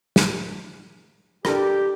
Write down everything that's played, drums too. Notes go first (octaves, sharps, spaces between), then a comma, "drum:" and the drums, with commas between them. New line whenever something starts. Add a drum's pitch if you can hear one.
drum: snare
D4 G4 A4 A#4, drum: rim click